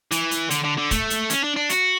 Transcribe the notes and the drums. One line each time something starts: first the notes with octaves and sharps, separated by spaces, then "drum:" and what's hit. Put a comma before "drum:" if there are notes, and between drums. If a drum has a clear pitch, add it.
E3, drum: hi-hat
drum: hi-hat
D3, drum: hi-hat
D3
D3
A3, drum: kick, hi-hat
drum: hi-hat
C#4, drum: hi-hat
D4
D4
F#4, drum: hi-hat